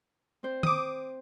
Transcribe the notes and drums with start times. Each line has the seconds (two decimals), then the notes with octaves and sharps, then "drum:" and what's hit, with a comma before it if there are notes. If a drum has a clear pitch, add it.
0.43 C4 C5
0.63 D6 D#6, drum: tom D#3